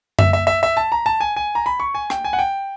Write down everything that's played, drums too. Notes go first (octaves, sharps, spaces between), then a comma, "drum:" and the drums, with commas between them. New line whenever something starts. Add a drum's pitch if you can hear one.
E5, drum: tom F#2
E5
E5
E5
A5
A#5
A5
G#5
G#5
A#5
B5
C#6
G#5
G5, drum: rim click
G#5
F#5
G5